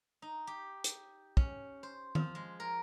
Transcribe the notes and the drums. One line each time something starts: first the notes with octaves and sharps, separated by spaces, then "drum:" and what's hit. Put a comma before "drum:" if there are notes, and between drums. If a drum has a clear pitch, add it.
D#4
G4
drum: hi-hat
C#4, drum: kick
C5
F3, drum: tom D#3
G#3
A#4